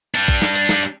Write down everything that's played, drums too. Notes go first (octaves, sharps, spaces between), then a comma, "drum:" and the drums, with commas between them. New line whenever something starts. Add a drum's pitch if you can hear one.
G3 D4, drum: hi-hat
drum: kick A#1, hi-hat
drum: snare
drum: hi-hat
drum: snare
drum: hi-hat